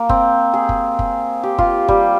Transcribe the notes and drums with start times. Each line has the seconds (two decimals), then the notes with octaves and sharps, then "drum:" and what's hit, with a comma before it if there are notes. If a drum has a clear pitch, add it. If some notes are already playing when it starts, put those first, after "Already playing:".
Already playing: A#3
0.09 C4, drum: kick
0.54 G#4
0.69 drum: kick
0.99 drum: kick
1.43 G4
1.58 F4, drum: kick
1.88 G3, drum: kick